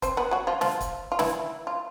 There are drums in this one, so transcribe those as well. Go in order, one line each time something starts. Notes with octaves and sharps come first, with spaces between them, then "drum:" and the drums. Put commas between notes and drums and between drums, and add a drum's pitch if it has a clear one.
C4 C5, drum: kick, hi-hat
B3 B4
F#3 F#4
F3 F4
F3 F4, drum: snare
drum: kick, hi-hat
F4
E3 E4, drum: snare
F4